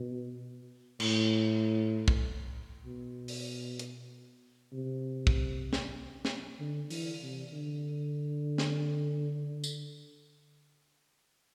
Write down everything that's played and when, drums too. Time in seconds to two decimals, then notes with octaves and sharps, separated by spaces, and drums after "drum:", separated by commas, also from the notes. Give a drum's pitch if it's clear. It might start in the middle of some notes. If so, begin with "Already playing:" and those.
Already playing: B2
1.00 A2, drum: cymbal
2.08 drum: kick
2.86 B2
3.28 drum: open hi-hat
3.79 drum: hi-hat
4.73 C3
5.27 drum: kick
5.73 drum: snare
6.25 drum: snare
6.60 D3
6.90 E3, drum: open hi-hat
7.22 C3
7.53 D3
8.58 drum: snare
9.64 drum: tambourine